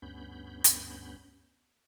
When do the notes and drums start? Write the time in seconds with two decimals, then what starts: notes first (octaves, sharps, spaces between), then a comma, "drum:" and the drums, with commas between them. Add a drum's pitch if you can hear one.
0.02 D2 G2 B3 C#4 B5 G6
0.64 drum: hi-hat